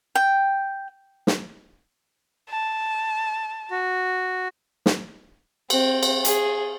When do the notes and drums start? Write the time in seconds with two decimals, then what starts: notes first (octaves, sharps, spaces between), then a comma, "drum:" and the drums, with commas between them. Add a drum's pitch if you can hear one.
0.15 G5
1.27 drum: snare
2.50 A5
3.71 F#4
4.86 drum: snare
5.70 C4, drum: cymbal
6.03 drum: cymbal
6.25 G#4, drum: hi-hat